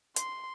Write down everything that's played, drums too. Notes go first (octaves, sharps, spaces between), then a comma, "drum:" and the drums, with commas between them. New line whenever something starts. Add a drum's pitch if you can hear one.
C6, drum: hi-hat